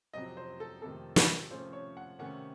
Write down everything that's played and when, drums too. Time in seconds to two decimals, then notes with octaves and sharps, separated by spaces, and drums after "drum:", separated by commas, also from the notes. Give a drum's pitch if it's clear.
0.13 F2 C3 F#3 C4 D#5
0.37 C5
0.60 A4
0.82 F2 C3 D#3 A3 A4
1.16 A4, drum: snare
1.50 C3 F3 A3 C#4 C5
1.73 C#5
1.97 F#5
2.19 C3 D#3 A3 C#4 F#5